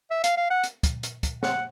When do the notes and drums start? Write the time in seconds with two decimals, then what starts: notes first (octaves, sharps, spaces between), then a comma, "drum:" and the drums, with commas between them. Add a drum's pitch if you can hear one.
0.11 E5
0.24 F5, drum: hi-hat
0.37 F5
0.50 F#5
0.64 drum: hi-hat
0.83 drum: kick, hi-hat
1.03 drum: hi-hat
1.23 drum: kick, hi-hat
1.43 F#5, drum: snare